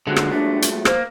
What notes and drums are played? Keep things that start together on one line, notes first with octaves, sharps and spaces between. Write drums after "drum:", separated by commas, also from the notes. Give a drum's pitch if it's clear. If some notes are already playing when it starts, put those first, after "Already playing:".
A#2 D3 F#3 G#3
drum: rim click
A3 D4
drum: hi-hat
A#3 C5, drum: rim click